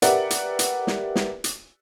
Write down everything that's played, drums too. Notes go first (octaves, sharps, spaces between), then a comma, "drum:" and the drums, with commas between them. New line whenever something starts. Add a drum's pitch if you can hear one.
G4 A#4 B4 D5 E5 F#5, drum: hi-hat
drum: hi-hat
drum: hi-hat
drum: snare
drum: snare
drum: hi-hat